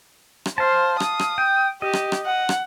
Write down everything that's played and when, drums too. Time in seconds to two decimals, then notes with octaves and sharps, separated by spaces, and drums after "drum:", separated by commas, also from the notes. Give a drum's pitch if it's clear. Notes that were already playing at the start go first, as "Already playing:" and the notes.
0.46 drum: rim click
0.58 C5 F5 A5
1.00 D#6, drum: rim click
1.19 drum: rim click
1.38 G5
1.82 G4 D#5
1.93 drum: rim click
2.12 drum: rim click
2.26 F#5
2.49 drum: rim click